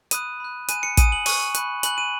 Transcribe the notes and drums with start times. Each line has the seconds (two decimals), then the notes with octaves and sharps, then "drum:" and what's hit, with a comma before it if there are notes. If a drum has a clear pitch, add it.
0.11 B5 D#6 F#6 D#7, drum: hi-hat
0.40 B5 F#6
0.69 G#5 B5 F#6 D#7, drum: hi-hat
0.83 C#7
0.97 G#5 D#6 F#6 D#7, drum: kick, hi-hat
1.12 F#7
1.26 G#5 C#6 F#6 D#7, drum: open hi-hat
1.55 B5 F#6, drum: hi-hat
1.83 G#5 B5 F#6 F#7, drum: hi-hat
1.98 D#7